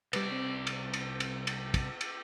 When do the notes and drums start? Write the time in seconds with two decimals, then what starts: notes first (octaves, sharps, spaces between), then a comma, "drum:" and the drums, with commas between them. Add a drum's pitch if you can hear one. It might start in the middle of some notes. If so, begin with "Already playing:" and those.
0.13 C2 G3 B4 D5, drum: cymbal
0.32 C4
0.67 drum: cymbal
0.94 drum: cymbal
1.20 drum: cymbal
1.47 drum: cymbal
1.74 drum: kick, cymbal
2.01 drum: cymbal